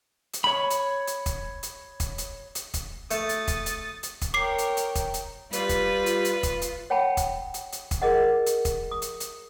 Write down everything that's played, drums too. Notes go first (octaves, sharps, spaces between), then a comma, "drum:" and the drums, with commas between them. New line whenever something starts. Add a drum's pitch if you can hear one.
drum: hi-hat
C#5 B5
drum: hi-hat
drum: hi-hat
drum: kick, hi-hat
drum: hi-hat
drum: kick, hi-hat
drum: hi-hat
drum: hi-hat
drum: kick, hi-hat
A3 D#6 A6, drum: hi-hat
drum: hi-hat
drum: kick, hi-hat
drum: hi-hat
drum: hi-hat
drum: kick, hi-hat
A#4 C#5 G5 D6 C7
drum: hi-hat
drum: hi-hat
drum: kick, hi-hat
drum: hi-hat
G3 F4 B4, drum: hi-hat
drum: kick, hi-hat
drum: hi-hat
drum: hi-hat
drum: kick, hi-hat
drum: hi-hat
C#5 F#5 G5 A5 B5
drum: kick, hi-hat
drum: hi-hat
drum: hi-hat
drum: kick, hi-hat
G#4 A#4 D#5 F#5
drum: hi-hat
drum: kick, hi-hat
D#6
drum: hi-hat
drum: hi-hat